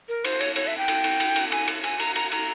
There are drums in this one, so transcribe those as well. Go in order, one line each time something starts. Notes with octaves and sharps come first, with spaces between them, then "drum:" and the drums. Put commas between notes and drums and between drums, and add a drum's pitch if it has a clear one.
A#4
C5, drum: cymbal
C#5, drum: cymbal
C#5, drum: cymbal
E5
G5
drum: cymbal
drum: cymbal
drum: cymbal
drum: cymbal
G#5, drum: cymbal
drum: cymbal
G#5, drum: cymbal
A#5, drum: cymbal
A#5, drum: cymbal
A#5, drum: cymbal